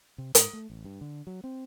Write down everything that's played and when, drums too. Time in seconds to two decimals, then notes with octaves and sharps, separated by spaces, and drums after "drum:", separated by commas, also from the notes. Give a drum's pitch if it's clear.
0.18 C3
0.35 G#2, drum: hi-hat
0.53 A3
0.70 A1
0.84 G2
1.01 D3
1.27 F#3
1.44 C4